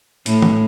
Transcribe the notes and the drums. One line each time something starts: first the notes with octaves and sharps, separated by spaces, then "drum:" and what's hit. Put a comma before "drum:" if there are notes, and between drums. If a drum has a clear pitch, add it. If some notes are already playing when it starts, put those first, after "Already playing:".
A2, drum: hi-hat
drum: tom D#3